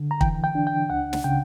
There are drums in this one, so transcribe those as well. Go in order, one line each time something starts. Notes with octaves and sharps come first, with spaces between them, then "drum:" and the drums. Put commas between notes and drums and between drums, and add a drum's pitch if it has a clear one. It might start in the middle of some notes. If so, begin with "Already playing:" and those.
Already playing: D3
A#5
E3 G5, drum: kick
G5
D4
G5
C#2 F#5
drum: snare
C#3 G5